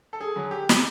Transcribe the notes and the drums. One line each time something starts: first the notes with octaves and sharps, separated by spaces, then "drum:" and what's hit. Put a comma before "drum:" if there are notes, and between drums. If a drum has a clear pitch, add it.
A4
G#4
D3 F#3
G4
drum: snare